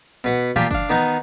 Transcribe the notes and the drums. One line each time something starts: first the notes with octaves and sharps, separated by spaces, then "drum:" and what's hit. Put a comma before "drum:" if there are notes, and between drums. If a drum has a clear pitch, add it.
B2 B4 F#5
A#2 F4 G4 G#5 A5 B5
D4 F5, drum: kick F#1
D#3 B3 D#4